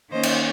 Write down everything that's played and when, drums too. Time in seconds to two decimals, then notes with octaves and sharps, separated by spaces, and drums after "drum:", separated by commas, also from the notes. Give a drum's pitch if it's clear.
0.12 D#3 A#3 C#4 C5 D#5
0.23 drum: cymbal